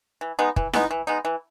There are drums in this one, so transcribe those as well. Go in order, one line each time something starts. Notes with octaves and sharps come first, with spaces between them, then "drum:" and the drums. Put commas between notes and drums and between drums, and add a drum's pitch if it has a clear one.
E3
G#3 B3 D#4
E3, drum: kick
G#3 B3 D#4, drum: snare E4
E3
G#3 B3 D#4
E3